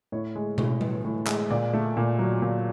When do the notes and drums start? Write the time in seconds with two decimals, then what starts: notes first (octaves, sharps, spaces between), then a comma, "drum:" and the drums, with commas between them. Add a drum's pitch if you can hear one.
0.12 A2 C#5
0.35 G#3
0.58 A2, drum: tom
0.81 E3, drum: tom G3
1.05 A2
1.27 G#3, drum: clap
1.50 A#2 D5
1.73 A3
1.97 A#2
2.19 F#3
2.42 A#2